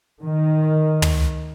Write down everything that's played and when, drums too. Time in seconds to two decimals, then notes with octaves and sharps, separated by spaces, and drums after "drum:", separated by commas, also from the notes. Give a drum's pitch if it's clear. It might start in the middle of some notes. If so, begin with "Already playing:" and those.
0.22 D#3
1.02 drum: tom